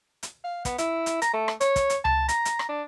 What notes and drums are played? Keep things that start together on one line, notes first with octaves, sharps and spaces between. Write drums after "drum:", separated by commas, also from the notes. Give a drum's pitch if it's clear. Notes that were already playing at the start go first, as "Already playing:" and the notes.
drum: hi-hat
F5
B3, drum: kick, hi-hat
E4, drum: hi-hat
drum: hi-hat
A#5, drum: hi-hat
A3
drum: rim click
C#5, drum: hi-hat
drum: kick, hi-hat
drum: hi-hat
A5, drum: tom C#2
A#5, drum: hi-hat
drum: hi-hat
drum: rim click
D4